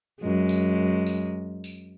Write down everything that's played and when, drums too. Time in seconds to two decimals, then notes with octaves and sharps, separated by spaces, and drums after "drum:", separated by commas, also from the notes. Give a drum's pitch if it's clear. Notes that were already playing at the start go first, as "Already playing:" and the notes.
0.20 F#2 G#3
0.49 drum: tambourine
1.07 drum: tambourine
1.64 drum: tambourine